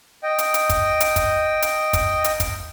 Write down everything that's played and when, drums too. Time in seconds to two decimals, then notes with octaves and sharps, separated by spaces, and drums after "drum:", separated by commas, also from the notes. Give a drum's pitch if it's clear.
0.23 D#5 G5
0.39 drum: hi-hat
0.54 drum: hi-hat
0.69 drum: kick, hi-hat
1.00 drum: hi-hat
1.16 drum: kick, hi-hat
1.62 drum: hi-hat
1.93 drum: kick, hi-hat
2.24 drum: hi-hat
2.40 drum: kick, hi-hat